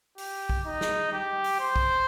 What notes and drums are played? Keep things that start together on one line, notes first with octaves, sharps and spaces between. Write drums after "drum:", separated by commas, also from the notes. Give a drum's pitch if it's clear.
G4, drum: open hi-hat
drum: kick
D#4
drum: snare
G4
drum: open hi-hat
C5
drum: kick